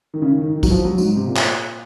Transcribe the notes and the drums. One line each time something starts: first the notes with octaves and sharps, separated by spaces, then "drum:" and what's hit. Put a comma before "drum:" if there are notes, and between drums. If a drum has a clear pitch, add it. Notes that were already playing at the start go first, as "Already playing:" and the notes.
D#3
C#3
D#3
D#3
D#3
F#3, drum: kick, tambourine
F3
F#3
G#2, drum: tambourine
C3
A#2
drum: clap